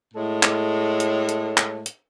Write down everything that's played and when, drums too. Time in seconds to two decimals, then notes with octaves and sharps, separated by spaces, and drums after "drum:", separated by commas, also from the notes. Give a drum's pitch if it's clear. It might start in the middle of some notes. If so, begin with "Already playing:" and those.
0.14 A2 G#3 A4 C#5
0.43 drum: clap
1.00 drum: hi-hat
1.29 drum: hi-hat
1.57 drum: clap
1.86 drum: hi-hat